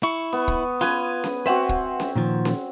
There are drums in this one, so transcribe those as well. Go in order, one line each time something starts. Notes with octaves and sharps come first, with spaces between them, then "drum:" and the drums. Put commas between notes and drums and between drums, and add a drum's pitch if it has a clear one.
E4 C#6
B3
drum: kick
F4 B4 G#5, drum: snare C#4
drum: snare C#4
C4 F#4 B4 E5 F#5
drum: kick
drum: snare C#4
A#2 D#3 F3
drum: snare C#4